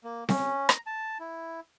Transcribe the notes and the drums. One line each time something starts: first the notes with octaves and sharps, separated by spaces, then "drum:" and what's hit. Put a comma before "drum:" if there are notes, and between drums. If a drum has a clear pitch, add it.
A#3
C#4, drum: snare C4
A#5, drum: rim click
A5
E4